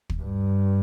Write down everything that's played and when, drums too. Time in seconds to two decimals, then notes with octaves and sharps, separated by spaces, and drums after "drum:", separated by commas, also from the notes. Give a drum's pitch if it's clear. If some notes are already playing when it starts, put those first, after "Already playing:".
0.10 drum: kick
0.22 G2